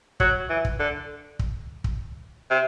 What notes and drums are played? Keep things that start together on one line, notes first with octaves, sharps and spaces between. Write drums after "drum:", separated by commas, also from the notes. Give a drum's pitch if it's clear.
F#3, drum: kick
E3
drum: kick
D3
drum: kick
drum: kick
C3